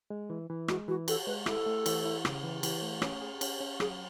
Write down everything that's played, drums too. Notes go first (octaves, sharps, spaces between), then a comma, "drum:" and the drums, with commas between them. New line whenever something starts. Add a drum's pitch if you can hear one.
G#3
E3
E3
G#3 F#4, drum: rim click
E3 F#4
F#4 A4, drum: cymbal
G#3 B4
E4 A4, drum: rim click
A3
E3, drum: cymbal
E4
C#3, drum: rim click
E3
E3, drum: cymbal
A3
C#4, drum: rim click
G#4
C#4, drum: cymbal
C#4
F#3 G#4, drum: rim click